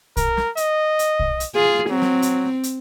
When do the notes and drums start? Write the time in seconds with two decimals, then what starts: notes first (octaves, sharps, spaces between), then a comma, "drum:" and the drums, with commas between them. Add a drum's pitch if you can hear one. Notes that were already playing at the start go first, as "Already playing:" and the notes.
0.17 A#4, drum: kick, hi-hat
0.37 drum: snare
0.57 D#5, drum: hi-hat
0.99 drum: hi-hat
1.19 drum: kick
1.40 drum: hi-hat
1.55 F4 G#4
1.90 F#3 C4
2.02 drum: snare
2.22 drum: hi-hat
2.63 drum: hi-hat